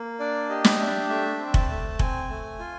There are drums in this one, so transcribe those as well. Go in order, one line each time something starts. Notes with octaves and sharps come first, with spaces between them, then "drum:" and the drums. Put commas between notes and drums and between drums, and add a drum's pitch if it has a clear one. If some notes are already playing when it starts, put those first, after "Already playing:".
Already playing: A#3
D4 D5
G4 D#5
drum: snare
D4 E5
A3 E5
C4
A5, drum: kick F1
A3
C4 G#5, drum: kick F1
A3
F4